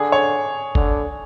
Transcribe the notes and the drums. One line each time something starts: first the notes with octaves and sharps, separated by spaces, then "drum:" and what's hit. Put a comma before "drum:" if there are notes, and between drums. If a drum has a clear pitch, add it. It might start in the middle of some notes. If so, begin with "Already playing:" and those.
Already playing: D3 G#4
C#5
D3, drum: kick G1